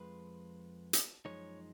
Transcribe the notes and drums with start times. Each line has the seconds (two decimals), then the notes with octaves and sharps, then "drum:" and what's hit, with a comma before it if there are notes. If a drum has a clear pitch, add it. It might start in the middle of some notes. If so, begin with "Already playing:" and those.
Already playing: F2 F3 G#3 B4
0.93 drum: hi-hat
1.25 F#2 F3 G#3 D#4 C#5